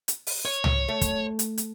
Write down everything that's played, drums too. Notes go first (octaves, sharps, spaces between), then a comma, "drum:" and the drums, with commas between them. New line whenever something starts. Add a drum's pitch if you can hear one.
drum: hi-hat
drum: open hi-hat
C#5
drum: tom
A3
drum: kick, hi-hat
drum: hi-hat
drum: hi-hat